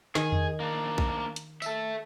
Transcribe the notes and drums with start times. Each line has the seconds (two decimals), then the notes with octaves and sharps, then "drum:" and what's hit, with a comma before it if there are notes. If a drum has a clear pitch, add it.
0.15 D#3 G#4, drum: snare
0.32 drum: tom E2
0.60 A#3 D4
0.98 drum: kick B1
1.36 drum: hi-hat
1.62 A4 E5, drum: tambourine